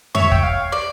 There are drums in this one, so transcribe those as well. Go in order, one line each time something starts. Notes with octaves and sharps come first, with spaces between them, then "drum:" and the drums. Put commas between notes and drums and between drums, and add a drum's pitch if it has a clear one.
C#5 E5, drum: tom F2
G5, drum: kick
F5
D5